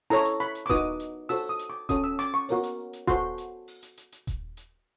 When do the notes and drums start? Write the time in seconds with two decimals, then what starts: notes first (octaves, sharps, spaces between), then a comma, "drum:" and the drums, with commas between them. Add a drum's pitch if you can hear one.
0.10 E4 A4 C#5 A#5, drum: open hi-hat
0.25 drum: hi-hat
0.40 B5
0.55 drum: hi-hat
0.66 D6
0.70 D#4 F#4 B4 D#6, drum: kick D#1
1.00 drum: hi-hat
1.29 F#4 A4 C5 E6, drum: open hi-hat
1.49 D#6
1.59 drum: hi-hat
1.70 D6
1.89 C#4 F#4 A4 C#5 D#6, drum: kick D#1, hi-hat
2.04 E6
2.19 D6, drum: hi-hat
2.34 C#6
2.49 F#4 A#4 C#5, drum: open hi-hat
2.63 drum: hi-hat
2.93 drum: hi-hat
3.08 F#4 A4 C5 C6, drum: kick D#1, hi-hat
3.38 drum: hi-hat
3.68 drum: open hi-hat
3.83 drum: hi-hat
3.97 drum: hi-hat
4.12 drum: hi-hat
4.27 drum: kick D#1, hi-hat
4.57 drum: hi-hat